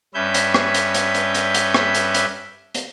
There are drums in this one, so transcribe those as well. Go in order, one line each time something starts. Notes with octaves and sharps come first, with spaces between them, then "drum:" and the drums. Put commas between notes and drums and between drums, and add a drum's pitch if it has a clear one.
G2 C#4 B4 E5 G6
drum: hi-hat
drum: rim click
drum: hi-hat
drum: hi-hat
drum: hi-hat
drum: hi-hat
drum: hi-hat
drum: rim click
drum: hi-hat
drum: hi-hat
drum: hi-hat